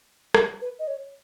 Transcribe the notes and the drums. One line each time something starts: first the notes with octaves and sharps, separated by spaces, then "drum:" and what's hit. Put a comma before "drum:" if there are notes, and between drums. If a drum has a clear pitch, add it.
A#4, drum: rim click
B4
D#5
C#5